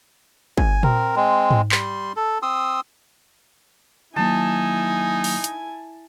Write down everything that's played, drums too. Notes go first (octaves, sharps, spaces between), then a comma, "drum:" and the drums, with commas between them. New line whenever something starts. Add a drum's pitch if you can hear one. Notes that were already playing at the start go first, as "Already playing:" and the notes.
G#5, drum: kick G1
C4 A#4, drum: tom A#2
G#3 C4
drum: tom G#2
G3 C6, drum: clap
A4
C4 C6 D#6 E6
D#3 F#3 A#3 D#4 E4 G#5 A5
drum: open hi-hat
drum: hi-hat